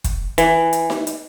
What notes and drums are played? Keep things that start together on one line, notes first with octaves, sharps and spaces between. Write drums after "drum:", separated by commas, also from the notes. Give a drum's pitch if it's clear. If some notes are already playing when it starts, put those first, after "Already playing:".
drum: kick, hi-hat
E3, drum: hi-hat
drum: hi-hat
drum: snare D#4
drum: hi-hat